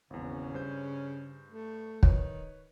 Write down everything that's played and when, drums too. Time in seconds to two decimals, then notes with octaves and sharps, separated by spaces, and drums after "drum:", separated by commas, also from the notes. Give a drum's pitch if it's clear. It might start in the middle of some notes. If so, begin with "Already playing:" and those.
0.10 G#1 E2 C#3
0.54 G2 C5 G6
1.51 A3
2.03 D#3 B4 C#5, drum: kick